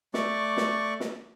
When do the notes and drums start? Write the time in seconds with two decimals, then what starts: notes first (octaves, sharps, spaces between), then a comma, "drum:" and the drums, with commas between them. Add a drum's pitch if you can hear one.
0.14 A3 D5 C#6 D6, drum: snare
0.57 drum: snare
1.00 drum: snare